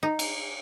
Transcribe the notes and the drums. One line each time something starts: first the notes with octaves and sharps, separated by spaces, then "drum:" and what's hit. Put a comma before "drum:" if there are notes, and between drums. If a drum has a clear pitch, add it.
D#4
drum: cymbal